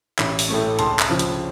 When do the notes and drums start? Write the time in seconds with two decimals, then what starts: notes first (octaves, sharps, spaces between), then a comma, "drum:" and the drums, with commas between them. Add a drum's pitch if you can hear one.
0.19 A1, drum: clap
0.39 drum: open hi-hat
0.48 A2 A3 C#4
0.79 C#2 A5 C6, drum: hi-hat
0.99 drum: clap
1.09 C#3 F3
1.19 drum: hi-hat